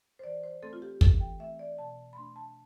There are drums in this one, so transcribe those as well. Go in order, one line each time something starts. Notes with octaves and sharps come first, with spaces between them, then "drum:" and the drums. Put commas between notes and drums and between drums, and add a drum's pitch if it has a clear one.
C5
E3 D5
C5
A3 C4 A4
F4
G4
E3 A4, drum: kick
G5
A3 C4 E5
D5
B2 A5
B5
A3 D4 C6
A5